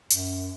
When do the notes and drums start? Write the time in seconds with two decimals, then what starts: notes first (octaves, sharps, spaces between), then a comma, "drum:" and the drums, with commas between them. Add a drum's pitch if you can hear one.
0.10 F#2, drum: hi-hat